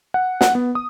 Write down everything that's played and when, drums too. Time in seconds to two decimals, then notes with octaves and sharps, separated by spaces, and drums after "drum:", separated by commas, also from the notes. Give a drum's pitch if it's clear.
0.14 F#5
0.41 F#5, drum: snare
0.55 B3
0.75 D#6